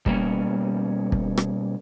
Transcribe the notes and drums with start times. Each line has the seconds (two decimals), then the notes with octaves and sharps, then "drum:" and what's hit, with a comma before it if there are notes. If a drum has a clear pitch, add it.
0.06 B2 G3 A#3 C#4, drum: kick
1.12 drum: kick
1.37 drum: rim click